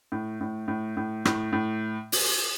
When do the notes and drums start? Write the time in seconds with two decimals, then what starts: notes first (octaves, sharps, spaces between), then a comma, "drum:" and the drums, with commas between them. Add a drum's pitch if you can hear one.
0.12 A2
0.41 A2
0.68 A2
0.97 A2
1.25 A2, drum: rim click
1.53 A2
2.12 drum: open hi-hat